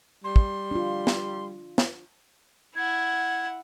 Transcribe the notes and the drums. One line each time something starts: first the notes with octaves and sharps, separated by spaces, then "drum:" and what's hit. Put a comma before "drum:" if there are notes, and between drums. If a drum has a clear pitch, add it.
G3 C6
drum: kick
D4 F4
drum: snare
drum: snare
E4 F#5 G#6